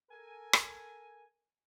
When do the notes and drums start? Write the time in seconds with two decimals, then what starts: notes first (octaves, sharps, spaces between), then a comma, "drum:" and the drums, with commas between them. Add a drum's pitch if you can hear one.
0.10 A4 A#4 G#5
0.53 drum: rim click